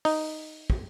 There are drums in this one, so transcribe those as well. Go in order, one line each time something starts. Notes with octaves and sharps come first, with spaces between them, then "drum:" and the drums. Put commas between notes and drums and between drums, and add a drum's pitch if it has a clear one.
D#4, drum: open hi-hat
drum: kick